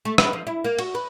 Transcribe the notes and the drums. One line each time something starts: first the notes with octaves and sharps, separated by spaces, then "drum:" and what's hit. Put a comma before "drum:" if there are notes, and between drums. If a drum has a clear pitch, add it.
A3
B4, drum: rim click
F3
E4
A#3
F#4, drum: cymbal
B4